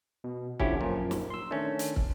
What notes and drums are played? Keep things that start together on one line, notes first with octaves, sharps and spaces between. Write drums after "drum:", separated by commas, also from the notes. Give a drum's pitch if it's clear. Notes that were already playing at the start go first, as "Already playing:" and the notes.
B2
D3 F3 C#4 E4 G4, drum: kick
F#2 A#2 F3
drum: snare
C6 E6
D#3 A3 C#4 D4
drum: hi-hat
drum: kick